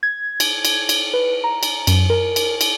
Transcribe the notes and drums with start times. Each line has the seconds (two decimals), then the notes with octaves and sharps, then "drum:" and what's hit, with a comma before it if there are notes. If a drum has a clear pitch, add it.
0.03 G#6
0.40 drum: cymbal
0.65 drum: cymbal
0.89 drum: cymbal
1.14 B4
1.44 A#5
1.63 drum: cymbal
1.87 F#2, drum: cymbal
2.10 A#4
2.36 drum: cymbal
2.61 drum: cymbal